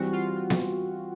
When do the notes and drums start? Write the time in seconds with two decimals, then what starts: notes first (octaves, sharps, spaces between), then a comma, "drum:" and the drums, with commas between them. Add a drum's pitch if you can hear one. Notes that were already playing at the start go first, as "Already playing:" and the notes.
Already playing: E3 G3 C4 F#4
0.12 F4
0.35 F4
0.50 drum: snare B3